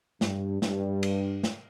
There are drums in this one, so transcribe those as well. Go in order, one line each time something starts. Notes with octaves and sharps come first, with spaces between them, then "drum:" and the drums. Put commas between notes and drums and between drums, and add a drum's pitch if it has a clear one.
G2, drum: snare
G2, drum: snare
drum: cymbal
drum: snare